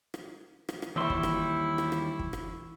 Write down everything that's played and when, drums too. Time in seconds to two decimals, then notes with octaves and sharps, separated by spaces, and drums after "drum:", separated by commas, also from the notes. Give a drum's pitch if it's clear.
0.14 drum: rim click
0.69 drum: rim click
0.82 drum: rim click
0.96 D#2 E3 G3 E4 E5 C6 C#6
1.10 drum: kick
1.23 drum: rim click
1.78 drum: rim click
1.92 drum: rim click
2.19 drum: kick
2.33 drum: rim click